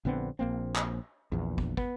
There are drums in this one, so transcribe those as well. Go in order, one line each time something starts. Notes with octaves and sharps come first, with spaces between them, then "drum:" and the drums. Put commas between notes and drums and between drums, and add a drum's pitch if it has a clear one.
A#1 D3 B3 C4
A#1 A#3 C4
drum: clap
A#1 E2
drum: kick
B3, drum: kick